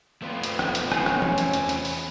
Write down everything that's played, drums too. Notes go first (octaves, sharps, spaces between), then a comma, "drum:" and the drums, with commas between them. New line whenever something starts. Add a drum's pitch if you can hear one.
A3 B3 C4 F4
drum: hi-hat
drum: rim click
drum: hi-hat
C#4 C#5 G#5, drum: rim click
drum: rim click
drum: tom
drum: hi-hat
E2, drum: hi-hat
drum: hi-hat
drum: open hi-hat